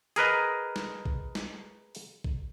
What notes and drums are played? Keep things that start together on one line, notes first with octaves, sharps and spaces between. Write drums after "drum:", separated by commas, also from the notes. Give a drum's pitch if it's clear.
G#4 A#4 B4 D#5, drum: hi-hat
drum: snare
drum: kick A#1
drum: snare
drum: open hi-hat
drum: kick A#1